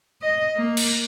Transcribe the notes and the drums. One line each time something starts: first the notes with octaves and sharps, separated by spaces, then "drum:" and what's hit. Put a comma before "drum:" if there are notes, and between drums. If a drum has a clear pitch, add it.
D#5
A#3
drum: cymbal